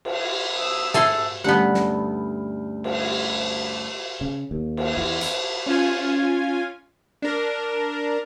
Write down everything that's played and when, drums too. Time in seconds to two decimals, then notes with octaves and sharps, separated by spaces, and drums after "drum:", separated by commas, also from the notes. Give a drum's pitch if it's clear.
0.05 drum: cymbal
0.56 D#6 E6
0.94 G#4 A4 E5 G#5 C6, drum: tom
1.44 D2 G2 B3 C#4 F#5
1.74 drum: snare
2.84 drum: cymbal
4.21 C#3
4.51 D#2
4.77 drum: cymbal
4.97 E2
5.21 drum: hi-hat
5.66 C#4 F4 G#5
7.22 D4 A#4